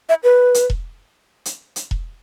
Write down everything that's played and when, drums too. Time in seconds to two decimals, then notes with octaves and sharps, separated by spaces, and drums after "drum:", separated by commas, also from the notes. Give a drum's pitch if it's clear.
0.09 E5
0.24 B4
0.54 drum: hi-hat
0.70 drum: kick E1
1.45 drum: hi-hat
1.76 drum: hi-hat
1.91 drum: kick E1